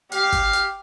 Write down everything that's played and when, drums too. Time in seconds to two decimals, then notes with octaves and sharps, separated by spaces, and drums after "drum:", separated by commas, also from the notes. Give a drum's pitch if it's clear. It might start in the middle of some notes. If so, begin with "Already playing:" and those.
0.12 G4 F5, drum: hi-hat
0.32 drum: kick, hi-hat
0.53 drum: hi-hat